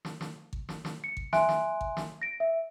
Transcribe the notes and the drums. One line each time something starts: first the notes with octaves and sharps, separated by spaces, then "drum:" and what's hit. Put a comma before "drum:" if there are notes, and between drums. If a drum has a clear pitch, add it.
drum: snare
drum: snare
drum: kick G#1
drum: snare
drum: snare
C#7
drum: kick G#1
E5 G#5 C6 F#6 D7, drum: snare
drum: snare
drum: kick G#1
drum: snare
A#6 D7
E5